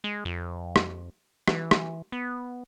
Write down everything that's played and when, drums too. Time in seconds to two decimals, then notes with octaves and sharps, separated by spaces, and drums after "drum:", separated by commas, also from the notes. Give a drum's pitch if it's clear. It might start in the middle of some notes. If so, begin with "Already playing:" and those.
0.04 G#3
0.25 F2
0.76 drum: rim click
1.48 E3, drum: rim click
1.71 drum: rim click
2.12 B3